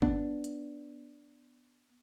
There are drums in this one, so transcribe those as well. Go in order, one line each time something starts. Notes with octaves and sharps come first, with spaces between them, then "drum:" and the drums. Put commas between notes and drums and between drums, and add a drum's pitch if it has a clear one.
B3 D4, drum: kick
drum: hi-hat